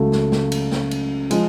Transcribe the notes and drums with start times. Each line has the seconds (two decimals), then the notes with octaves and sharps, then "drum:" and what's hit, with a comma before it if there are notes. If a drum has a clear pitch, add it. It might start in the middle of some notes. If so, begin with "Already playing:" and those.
Already playing: C#2 C#3 F#3 A3
0.12 drum: snare
0.32 drum: snare
0.52 drum: cymbal
0.71 drum: snare
0.91 drum: cymbal
1.31 F3 G#3, drum: cymbal